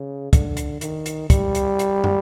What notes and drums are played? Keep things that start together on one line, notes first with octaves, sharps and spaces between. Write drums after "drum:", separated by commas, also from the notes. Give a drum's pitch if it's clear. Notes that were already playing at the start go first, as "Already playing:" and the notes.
Already playing: C#3
D3, drum: kick, hi-hat
drum: hi-hat
D#3, drum: hi-hat
drum: hi-hat
G3, drum: kick, hi-hat
drum: hi-hat
drum: hi-hat
drum: tom